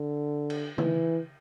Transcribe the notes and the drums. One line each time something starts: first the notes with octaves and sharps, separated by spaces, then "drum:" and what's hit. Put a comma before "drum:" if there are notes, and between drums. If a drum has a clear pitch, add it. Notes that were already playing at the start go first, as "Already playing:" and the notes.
Already playing: D3
drum: cymbal
E3, drum: tom